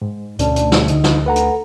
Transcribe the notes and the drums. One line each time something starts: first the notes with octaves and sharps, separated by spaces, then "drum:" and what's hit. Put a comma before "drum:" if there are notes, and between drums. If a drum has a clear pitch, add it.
G#2
D2 B2 C#4 D5 A5, drum: hi-hat
drum: hi-hat
drum: snare
C2 D3 D#4 D#5, drum: hi-hat
drum: snare
A4 B4 F#5 A#5
drum: hi-hat